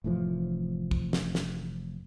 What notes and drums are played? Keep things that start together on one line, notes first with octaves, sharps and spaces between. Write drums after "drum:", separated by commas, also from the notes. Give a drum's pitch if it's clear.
F1 A2 E3 F3
drum: kick
drum: snare
drum: snare